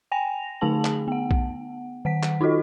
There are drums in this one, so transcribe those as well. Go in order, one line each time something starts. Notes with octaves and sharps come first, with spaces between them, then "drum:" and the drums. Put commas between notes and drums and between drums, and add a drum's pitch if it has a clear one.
G5 G#5 A#6 F7
D3 A3 D#4 G#4 A5 F#7
drum: clap
B3 F#5
drum: kick B1
D#3 F#5 B6
drum: clap
D#4 F4 F#4 A4 D#5